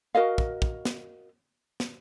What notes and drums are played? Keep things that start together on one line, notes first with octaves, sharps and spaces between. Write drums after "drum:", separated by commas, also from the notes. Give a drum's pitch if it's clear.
F#4 A#4 D#5 F5
drum: kick
drum: kick
drum: snare
drum: snare